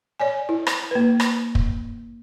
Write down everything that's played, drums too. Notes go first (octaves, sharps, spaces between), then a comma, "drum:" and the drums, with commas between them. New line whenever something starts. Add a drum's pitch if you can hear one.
C#5 D5 G#5
E4
drum: rim click
A#3 B4
drum: rim click
drum: kick